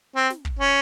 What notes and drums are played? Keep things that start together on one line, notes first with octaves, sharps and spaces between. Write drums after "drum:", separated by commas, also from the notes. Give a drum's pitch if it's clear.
C4
drum: snare
drum: kick
C#4